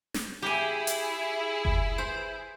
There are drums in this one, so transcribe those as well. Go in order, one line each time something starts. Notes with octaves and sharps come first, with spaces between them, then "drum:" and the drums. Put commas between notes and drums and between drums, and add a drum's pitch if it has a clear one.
drum: snare
E4 G4 G#4 G#5
drum: hi-hat
drum: kick F#1
C5